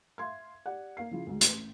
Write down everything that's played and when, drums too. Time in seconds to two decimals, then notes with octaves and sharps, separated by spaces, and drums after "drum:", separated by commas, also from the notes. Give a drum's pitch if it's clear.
0.18 E5 F5 C6 G#6
0.66 G4 D5 F#5
0.97 A#3 F5 C7
1.11 C#3 F3 E4
1.27 D2 G#2
1.41 A1, drum: hi-hat